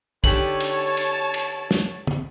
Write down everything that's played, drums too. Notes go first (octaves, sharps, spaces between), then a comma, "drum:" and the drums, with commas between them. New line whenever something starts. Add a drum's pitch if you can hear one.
D3 D#4 G4 C#5 A5 F#7, drum: kick, cymbal
drum: cymbal
drum: cymbal
drum: cymbal
drum: snare
drum: tom